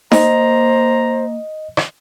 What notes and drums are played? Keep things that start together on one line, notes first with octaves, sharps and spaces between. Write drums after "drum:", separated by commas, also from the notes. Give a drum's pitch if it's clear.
A#3 C5 D#5 A#5, drum: snare D#4
drum: rim click